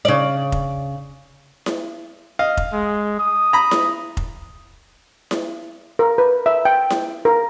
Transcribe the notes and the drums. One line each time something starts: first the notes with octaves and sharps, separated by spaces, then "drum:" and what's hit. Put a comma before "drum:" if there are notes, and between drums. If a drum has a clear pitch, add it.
C#3 D5
drum: kick F1
drum: snare E4
D#5 F5
drum: kick F1
G#3
D#6
A#5 B5
drum: snare E4
drum: kick F1
drum: snare E4
A#4
B4
E5
G5
drum: snare E4
A#4